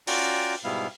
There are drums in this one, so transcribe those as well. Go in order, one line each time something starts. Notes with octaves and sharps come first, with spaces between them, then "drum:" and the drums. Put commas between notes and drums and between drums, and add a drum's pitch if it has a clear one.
C#4 F4 F#4 D5 G5 A#5, drum: open hi-hat
G#2 B2 G3 B3 E4 F5